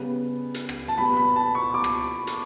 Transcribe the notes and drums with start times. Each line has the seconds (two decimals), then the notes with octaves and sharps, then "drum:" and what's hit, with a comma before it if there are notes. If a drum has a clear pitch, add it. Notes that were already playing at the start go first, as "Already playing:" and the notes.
Already playing: C#3 G3 B3
0.54 drum: hi-hat
0.69 drum: rim click
0.88 A5
0.97 B2 G3 B3 B5
1.17 B5
1.36 A5
1.55 C#6
1.74 D6
1.84 drum: rim click
2.27 drum: hi-hat